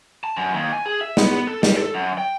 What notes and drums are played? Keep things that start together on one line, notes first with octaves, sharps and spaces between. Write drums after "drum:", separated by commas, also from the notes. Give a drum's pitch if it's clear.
A5
F#2
D#2
G#5
G#4
E5
B3, drum: snare
A4
G3, drum: snare
A4
F#2
G5